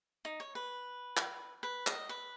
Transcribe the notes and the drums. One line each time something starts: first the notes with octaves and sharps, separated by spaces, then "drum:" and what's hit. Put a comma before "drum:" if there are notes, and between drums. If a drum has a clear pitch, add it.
D#4
C#5
B4
drum: clap
B4
D#5, drum: clap
B4